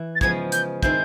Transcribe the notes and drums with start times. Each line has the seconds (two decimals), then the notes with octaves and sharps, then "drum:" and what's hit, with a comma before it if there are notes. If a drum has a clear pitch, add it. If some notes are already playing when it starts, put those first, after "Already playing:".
Already playing: E3 E4
0.16 A6
0.21 C#3 F3 G#3 B3 G#6, drum: kick
0.52 G6, drum: hi-hat
0.83 D#3 G#3 C4 E4 G6, drum: kick